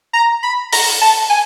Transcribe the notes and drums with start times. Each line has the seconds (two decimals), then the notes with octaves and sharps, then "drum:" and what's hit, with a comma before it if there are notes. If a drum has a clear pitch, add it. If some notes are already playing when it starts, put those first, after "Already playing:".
0.13 A#5
0.43 B5
0.73 A#5, drum: open hi-hat
1.01 A5
1.30 G#5